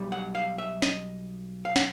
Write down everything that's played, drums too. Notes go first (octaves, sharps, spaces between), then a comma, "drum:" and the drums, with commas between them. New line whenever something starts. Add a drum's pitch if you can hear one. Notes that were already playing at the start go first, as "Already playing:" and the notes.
Already playing: B1 G3
F#5
F5
E5
D#5, drum: snare
F5
F#5, drum: snare